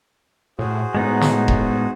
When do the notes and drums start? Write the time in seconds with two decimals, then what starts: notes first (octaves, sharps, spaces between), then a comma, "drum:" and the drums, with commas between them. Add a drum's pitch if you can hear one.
0.59 A2 F#4 G#4 C5
0.95 A2 G#3 B3 D#4
1.21 drum: snare
1.48 A2, drum: kick E1